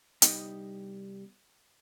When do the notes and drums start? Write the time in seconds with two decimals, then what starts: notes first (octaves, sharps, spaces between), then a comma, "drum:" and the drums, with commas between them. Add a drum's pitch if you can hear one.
0.22 C2 G3 B3 D#4 D#5 G5, drum: hi-hat